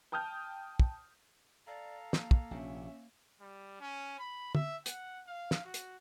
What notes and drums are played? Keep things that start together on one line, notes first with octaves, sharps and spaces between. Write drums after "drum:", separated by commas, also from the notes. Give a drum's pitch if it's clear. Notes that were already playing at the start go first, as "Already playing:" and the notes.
G5 A5 D#6 F6 G6
drum: kick
A4 D5 F5 A#5
A#3, drum: snare
drum: kick
A#1 C3 C#4 E5
G3
C#4
B5
E5, drum: tom
F#5, drum: hi-hat
F5
drum: snare
F#4
drum: hi-hat